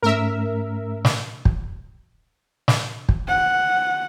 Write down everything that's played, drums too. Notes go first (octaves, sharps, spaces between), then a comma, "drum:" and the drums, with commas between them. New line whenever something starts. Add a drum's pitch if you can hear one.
G#2 A3 C#4 A#4 E5
drum: snare
drum: kick
drum: snare
drum: kick
F#5